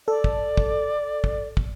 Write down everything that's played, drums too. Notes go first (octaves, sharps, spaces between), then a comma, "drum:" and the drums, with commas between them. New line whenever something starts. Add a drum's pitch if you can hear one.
A4 D5
drum: kick
drum: kick
drum: kick
drum: kick